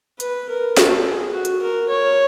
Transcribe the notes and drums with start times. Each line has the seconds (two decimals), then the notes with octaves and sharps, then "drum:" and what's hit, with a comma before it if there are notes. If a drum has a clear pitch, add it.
0.20 B4, drum: hi-hat
0.49 A#4
0.77 A4, drum: snare
1.05 G#4
1.32 F#4
1.45 drum: hi-hat
1.62 A#4
1.89 C#5